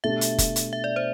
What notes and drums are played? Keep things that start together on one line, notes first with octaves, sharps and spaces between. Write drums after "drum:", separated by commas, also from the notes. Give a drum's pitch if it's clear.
B2 A3 D4 G4 E5
drum: hi-hat
drum: kick F1, hi-hat
drum: hi-hat
E5
D5
C5